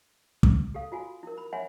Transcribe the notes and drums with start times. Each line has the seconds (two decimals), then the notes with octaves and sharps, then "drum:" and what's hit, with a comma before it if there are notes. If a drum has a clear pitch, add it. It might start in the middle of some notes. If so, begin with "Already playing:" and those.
0.43 drum: kick
0.74 G4 A4 F5
0.92 F4 F#4 G#5
1.23 E4 A#4
1.38 B5
1.53 C#5 E5 F#5 G#5 B5 C6